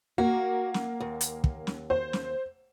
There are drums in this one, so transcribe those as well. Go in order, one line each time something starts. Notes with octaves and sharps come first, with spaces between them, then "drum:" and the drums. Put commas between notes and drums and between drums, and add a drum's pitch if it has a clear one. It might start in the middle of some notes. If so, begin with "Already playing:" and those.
A#3 F#4
drum: snare
D#2
drum: hi-hat
drum: kick
drum: snare
C5
drum: snare